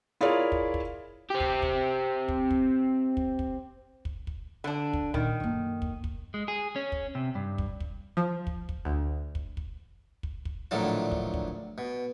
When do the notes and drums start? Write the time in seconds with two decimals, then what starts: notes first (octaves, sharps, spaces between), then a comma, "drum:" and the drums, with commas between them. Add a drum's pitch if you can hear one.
0.21 E4 F4 G#4 A#4 C#5 D5
0.52 drum: kick
0.74 drum: kick
1.30 C4 G4
1.40 drum: kick
1.62 drum: kick
2.28 drum: kick
2.51 drum: kick
3.17 drum: kick
3.39 drum: kick
4.05 drum: kick
4.27 drum: kick
4.64 D3 D4
4.93 drum: kick
5.14 A#2 D#3, drum: kick
5.40 F#2 A#3
5.82 drum: kick
6.04 drum: kick
6.34 G#3
6.48 G#4
6.76 C#4
6.92 drum: kick
7.15 C3
7.35 G2
7.58 drum: kick
7.80 drum: kick
8.17 F3
8.47 drum: kick
8.69 drum: kick
8.85 D2
9.35 drum: kick
9.57 drum: kick
10.23 drum: kick
10.45 drum: kick
10.71 A#1 A2 D3 D#3 F#3 A5
11.12 drum: kick
11.34 drum: kick
11.78 B2